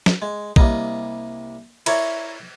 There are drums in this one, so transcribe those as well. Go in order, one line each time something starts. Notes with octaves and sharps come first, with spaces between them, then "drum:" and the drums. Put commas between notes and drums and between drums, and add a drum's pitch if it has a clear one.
drum: snare
G#3
C2 G3 A#3 D#5, drum: kick
E4 A#4 C#5 D5, drum: cymbal